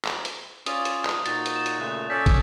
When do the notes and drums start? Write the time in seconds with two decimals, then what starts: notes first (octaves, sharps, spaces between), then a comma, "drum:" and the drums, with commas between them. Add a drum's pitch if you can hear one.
0.05 drum: clap
0.25 drum: hi-hat
0.66 C#4 F4 D5 D#6, drum: hi-hat
0.85 drum: hi-hat
1.05 drum: clap
1.26 A#2 D#4 F#4 A6, drum: hi-hat
1.46 drum: hi-hat
1.56 E7
1.66 drum: hi-hat
1.80 A#2 C#3 A3 D#6 F#6
2.10 C#4 A4 D5 G6 A6 B6
2.26 drum: kick, hi-hat